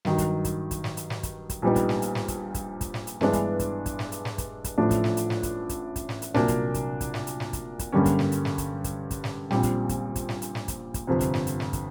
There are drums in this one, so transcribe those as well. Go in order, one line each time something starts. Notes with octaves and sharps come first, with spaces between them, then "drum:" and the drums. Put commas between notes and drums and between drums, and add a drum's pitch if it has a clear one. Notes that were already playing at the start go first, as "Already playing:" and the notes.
G2 D#3 F#3, drum: snare
drum: kick, hi-hat
drum: kick, hi-hat
drum: kick, hi-hat
drum: snare
drum: hi-hat
drum: snare
drum: kick, hi-hat
drum: kick, hi-hat
A#1 A#2 G3 B3 D#4
drum: kick, hi-hat
drum: snare
drum: hi-hat
drum: snare
drum: kick, hi-hat
drum: kick, hi-hat
drum: kick, hi-hat
drum: snare
drum: hi-hat
G2 E3 G#3 B3 D4, drum: snare
drum: kick, hi-hat
drum: kick, hi-hat
drum: kick, hi-hat
drum: snare
drum: hi-hat
drum: snare
drum: kick, hi-hat
drum: kick, hi-hat
A1 A2 F3 A3 D4
drum: kick, hi-hat
drum: snare
drum: hi-hat
drum: snare
drum: kick, hi-hat
drum: kick, hi-hat
drum: kick, hi-hat
drum: snare
drum: hi-hat
C2 A#2 F#3 A#3 D4, drum: snare
drum: kick, hi-hat
drum: kick, hi-hat
drum: kick, hi-hat
drum: snare
drum: hi-hat
drum: snare
drum: kick, hi-hat
drum: kick, hi-hat
G2 D3 G3 A#3 C#4
drum: kick, hi-hat
drum: snare
drum: hi-hat
drum: snare
drum: kick, hi-hat
drum: kick, hi-hat
drum: kick, hi-hat
drum: snare
A#1 A#2 G3 C4, drum: snare
drum: kick, hi-hat
drum: kick, hi-hat
drum: kick, hi-hat
drum: snare
drum: hi-hat
drum: snare
drum: kick, hi-hat
drum: kick, hi-hat
G1 F2 C3
drum: kick, hi-hat
drum: snare
drum: hi-hat
drum: snare
drum: kick, hi-hat